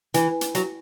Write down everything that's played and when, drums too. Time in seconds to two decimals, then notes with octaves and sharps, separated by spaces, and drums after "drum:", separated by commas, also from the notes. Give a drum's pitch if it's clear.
0.14 E3, drum: hi-hat
0.41 drum: hi-hat
0.55 F#3, drum: hi-hat